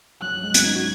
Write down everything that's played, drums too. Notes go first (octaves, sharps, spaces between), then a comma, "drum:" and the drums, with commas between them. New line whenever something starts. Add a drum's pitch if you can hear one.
F#3 F#6
F#3
G#3
C#4 G#6, drum: hi-hat
D#4
F#4